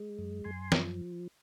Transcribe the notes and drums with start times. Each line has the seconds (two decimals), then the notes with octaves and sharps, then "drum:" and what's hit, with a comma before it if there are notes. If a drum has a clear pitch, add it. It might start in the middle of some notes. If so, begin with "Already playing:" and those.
Already playing: G#3
0.19 F#2
0.44 F#2 G#5 C6
0.72 F3, drum: snare